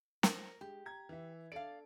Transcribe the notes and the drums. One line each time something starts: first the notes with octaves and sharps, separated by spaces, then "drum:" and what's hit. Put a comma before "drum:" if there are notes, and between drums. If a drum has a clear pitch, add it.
A#4 C5, drum: snare
G#3 G4
A#5 G#6
E3 E5
D4 A4 D5 F5 D7